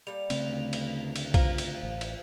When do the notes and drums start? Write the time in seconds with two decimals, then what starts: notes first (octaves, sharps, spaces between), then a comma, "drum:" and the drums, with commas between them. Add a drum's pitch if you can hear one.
0.07 G3 A#3 A4 F7
0.30 C#3 A3 C4, drum: cymbal
0.48 D2
0.73 drum: cymbal
1.16 drum: cymbal
1.34 F4 C5 F5, drum: kick, cymbal
1.58 drum: cymbal
1.83 A1
2.01 drum: cymbal